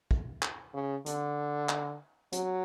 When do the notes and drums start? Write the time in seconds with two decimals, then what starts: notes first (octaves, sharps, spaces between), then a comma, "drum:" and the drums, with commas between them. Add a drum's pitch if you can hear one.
0.11 drum: kick
0.42 drum: clap
0.74 C#3
1.06 D3, drum: hi-hat
1.69 drum: clap
2.33 F#3, drum: hi-hat